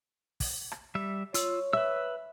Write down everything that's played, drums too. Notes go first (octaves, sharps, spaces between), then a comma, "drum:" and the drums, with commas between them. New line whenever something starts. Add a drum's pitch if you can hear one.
drum: kick, open hi-hat
drum: rim click
G3 E5
F4 C#5 E6, drum: hi-hat
B4 E5 E6